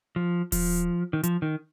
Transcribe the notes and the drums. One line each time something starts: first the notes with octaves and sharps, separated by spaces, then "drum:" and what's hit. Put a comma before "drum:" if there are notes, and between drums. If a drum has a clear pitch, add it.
F3
F3, drum: kick D#1, open hi-hat
D#3
F3, drum: hi-hat
D#3